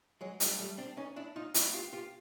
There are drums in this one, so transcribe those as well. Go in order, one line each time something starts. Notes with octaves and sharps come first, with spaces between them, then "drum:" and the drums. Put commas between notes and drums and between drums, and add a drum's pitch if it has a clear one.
F#3 G#3
G3 A3, drum: hi-hat
G3 A3
C4 D4
C#4 D#4
D4 E4
D#4 F4
E4 F#4, drum: hi-hat
F4 G4
F4 G4